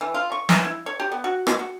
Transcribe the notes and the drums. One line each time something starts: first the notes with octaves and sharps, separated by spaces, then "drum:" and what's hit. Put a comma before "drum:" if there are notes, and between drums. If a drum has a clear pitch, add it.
E3
F4
C#6
E3, drum: snare
E4
C#5
G4
B3
F#4
G#3, drum: rim click
F#4